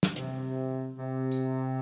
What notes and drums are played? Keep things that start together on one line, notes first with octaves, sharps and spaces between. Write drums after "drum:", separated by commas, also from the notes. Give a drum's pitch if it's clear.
drum: snare
C3, drum: hi-hat
C3
drum: tambourine